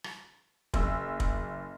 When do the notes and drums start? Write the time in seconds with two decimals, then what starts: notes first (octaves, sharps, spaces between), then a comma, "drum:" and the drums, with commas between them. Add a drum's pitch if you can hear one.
0.04 drum: rim click
0.74 F#1 E6, drum: kick
1.20 drum: kick